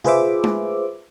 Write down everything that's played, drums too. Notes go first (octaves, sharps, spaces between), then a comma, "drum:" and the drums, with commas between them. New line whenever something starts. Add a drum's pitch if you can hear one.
F4 G#4 B4 C5 E5 D6, drum: tom C3
drum: tom G#3